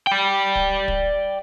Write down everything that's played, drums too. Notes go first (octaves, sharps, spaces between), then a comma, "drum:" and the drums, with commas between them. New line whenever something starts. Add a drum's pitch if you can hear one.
D5 G5
drum: kick
drum: kick